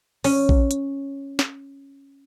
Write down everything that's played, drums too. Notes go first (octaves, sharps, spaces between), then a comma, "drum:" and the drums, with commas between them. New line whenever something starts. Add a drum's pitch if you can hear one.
C#4, drum: open hi-hat
drum: kick A#1
drum: hi-hat
drum: snare